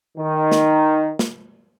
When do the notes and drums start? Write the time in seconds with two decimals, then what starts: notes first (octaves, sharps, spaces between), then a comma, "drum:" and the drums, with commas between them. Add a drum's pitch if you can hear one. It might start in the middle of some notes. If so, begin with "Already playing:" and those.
0.18 D#3
0.52 drum: snare
1.19 drum: snare